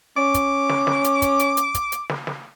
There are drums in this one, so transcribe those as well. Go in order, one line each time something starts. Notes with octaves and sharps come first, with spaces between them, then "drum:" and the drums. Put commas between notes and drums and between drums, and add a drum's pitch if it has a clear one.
C#4 D6
drum: kick, hi-hat
drum: snare
drum: snare
drum: hi-hat
drum: kick, hi-hat
drum: hi-hat
drum: hi-hat
drum: kick, hi-hat
drum: hi-hat
drum: snare
drum: snare